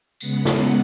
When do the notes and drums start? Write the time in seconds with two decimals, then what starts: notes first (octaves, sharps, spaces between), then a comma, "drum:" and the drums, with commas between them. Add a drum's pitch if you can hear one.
0.21 C#3 G#3 B3 F#5, drum: tambourine
0.45 drum: snare